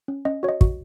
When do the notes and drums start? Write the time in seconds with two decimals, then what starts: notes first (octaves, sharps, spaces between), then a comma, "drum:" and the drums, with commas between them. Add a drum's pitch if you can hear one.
0.08 C#4
0.25 C#4 D#5
0.43 F#4 C#5
0.49 D#5
0.61 F#4, drum: kick